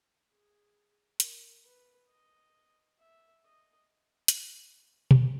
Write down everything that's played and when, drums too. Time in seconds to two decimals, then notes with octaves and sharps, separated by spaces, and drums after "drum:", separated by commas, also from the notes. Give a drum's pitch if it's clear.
0.31 G#4
1.20 A#4, drum: hi-hat
1.65 B4
2.09 D#5
2.99 E5
3.44 D#5
4.28 drum: hi-hat
5.11 drum: tom B2